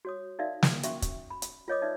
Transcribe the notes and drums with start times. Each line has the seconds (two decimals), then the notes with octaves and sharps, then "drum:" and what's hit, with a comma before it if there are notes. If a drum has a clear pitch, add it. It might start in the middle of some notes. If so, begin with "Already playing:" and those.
0.05 F#4 C#5 D#6
0.39 D#4 F#4 A#4 D5 E5 F5
0.63 drum: snare
0.83 C#4 F#4 E5 C#6, drum: hi-hat
1.02 drum: kick, hi-hat
1.30 B5
1.42 drum: hi-hat
1.68 F4 A#4 C#5 D#5 D6 D#6
1.82 D#4 B4 D5 E5